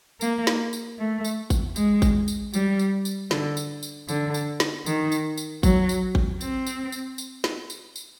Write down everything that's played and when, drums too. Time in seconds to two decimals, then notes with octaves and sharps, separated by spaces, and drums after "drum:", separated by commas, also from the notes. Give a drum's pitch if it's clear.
0.21 A#3, drum: tambourine
0.47 drum: snare
0.73 drum: tambourine
0.99 A3
1.25 drum: tambourine
1.50 drum: kick G#1, tambourine
1.76 G#3, drum: tambourine
2.02 drum: kick G#1, tambourine
2.28 drum: tambourine
2.54 G3, drum: tambourine
2.79 drum: tambourine
3.05 drum: tambourine
3.31 D3, drum: snare
3.57 drum: tambourine
3.83 drum: tambourine
4.09 D3, drum: tambourine
4.34 drum: tambourine
4.60 drum: snare
4.86 D#3, drum: tambourine
5.12 drum: tambourine
5.37 drum: tambourine
5.63 F#3, drum: kick G#1, tambourine
5.89 drum: tambourine
6.15 drum: kick G#1
6.41 C4, drum: tambourine
6.67 drum: tambourine
6.92 drum: tambourine
7.18 drum: tambourine
7.44 drum: snare
7.70 drum: tambourine
7.96 drum: tambourine